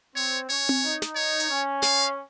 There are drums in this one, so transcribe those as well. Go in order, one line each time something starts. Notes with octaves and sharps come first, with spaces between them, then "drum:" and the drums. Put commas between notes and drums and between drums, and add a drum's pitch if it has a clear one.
C4 C#5
C#4 C#5
drum: tom C4
D#4
drum: snare
C#5
drum: hi-hat
C#4
F5, drum: snare